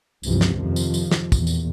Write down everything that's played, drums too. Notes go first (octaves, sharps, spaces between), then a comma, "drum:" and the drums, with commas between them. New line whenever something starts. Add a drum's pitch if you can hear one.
C#2 G2 C3 E3 F3, drum: tambourine
drum: snare
F2 C3 D#3 F3
drum: tambourine
drum: tambourine
drum: snare
E2 A#2, drum: kick, tambourine
drum: tambourine